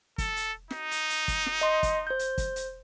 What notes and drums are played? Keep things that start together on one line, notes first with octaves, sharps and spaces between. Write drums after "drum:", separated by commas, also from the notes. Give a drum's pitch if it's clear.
A4, drum: kick, hi-hat
drum: hi-hat
D#4, drum: snare
drum: hi-hat
drum: hi-hat
drum: kick, hi-hat
drum: snare
D#5 C6
drum: kick, hi-hat
C5 G6
drum: hi-hat
drum: kick, hi-hat
drum: hi-hat